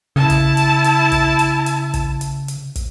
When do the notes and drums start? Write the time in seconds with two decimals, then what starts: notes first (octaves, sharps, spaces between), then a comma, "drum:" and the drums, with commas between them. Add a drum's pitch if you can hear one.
0.16 C#3 E4 A5
0.30 drum: kick, hi-hat
0.57 drum: hi-hat
0.84 drum: hi-hat
1.12 drum: kick, hi-hat
1.39 drum: hi-hat
1.66 drum: hi-hat
1.94 drum: kick, hi-hat
2.21 drum: hi-hat
2.48 drum: hi-hat
2.76 drum: kick, hi-hat